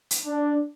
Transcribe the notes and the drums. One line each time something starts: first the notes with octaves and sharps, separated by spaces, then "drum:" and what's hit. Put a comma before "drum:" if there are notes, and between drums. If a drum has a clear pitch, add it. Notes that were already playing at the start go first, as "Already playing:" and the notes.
drum: hi-hat
D4